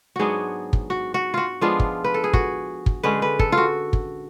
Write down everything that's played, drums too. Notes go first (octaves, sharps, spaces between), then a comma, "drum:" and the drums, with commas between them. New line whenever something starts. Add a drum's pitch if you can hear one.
G#2 F#3 B3 D4 F#4 G#4
drum: kick
F#4
F#4
F4 F#4
F3 G#3 B3 D4 F4
drum: kick
B4
A4
G#4
F#4, drum: kick
drum: kick
D3 G#3 C#4 B4
B4
A4, drum: kick
F4
F#4
drum: kick